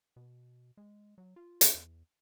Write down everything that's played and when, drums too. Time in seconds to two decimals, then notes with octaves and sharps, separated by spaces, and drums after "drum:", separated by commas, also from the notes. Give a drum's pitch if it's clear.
0.16 B2
0.77 G#3
1.18 F#3
1.36 F4
1.61 drum: hi-hat
1.74 E2